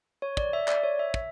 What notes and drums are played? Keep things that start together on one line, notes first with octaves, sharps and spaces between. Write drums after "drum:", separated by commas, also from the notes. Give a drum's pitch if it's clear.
C#5
D5, drum: kick
E5
D5, drum: clap
C#5
E5
drum: kick